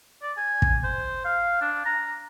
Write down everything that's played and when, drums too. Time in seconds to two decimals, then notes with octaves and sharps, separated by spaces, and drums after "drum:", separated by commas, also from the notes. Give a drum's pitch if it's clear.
0.23 D5
0.37 G#5
0.62 drum: kick
0.84 C5
1.25 F5
1.61 D4
1.85 A#5